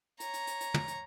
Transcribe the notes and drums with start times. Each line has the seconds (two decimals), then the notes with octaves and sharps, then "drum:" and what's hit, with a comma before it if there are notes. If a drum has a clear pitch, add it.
0.20 C#5 A#5, drum: hi-hat
0.34 drum: hi-hat
0.47 drum: hi-hat
0.61 drum: hi-hat
0.74 drum: tom
0.88 drum: hi-hat